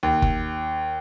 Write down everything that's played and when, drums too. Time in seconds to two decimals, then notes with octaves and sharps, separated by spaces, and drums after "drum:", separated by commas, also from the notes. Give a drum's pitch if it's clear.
0.03 D#2
0.22 drum: kick F#1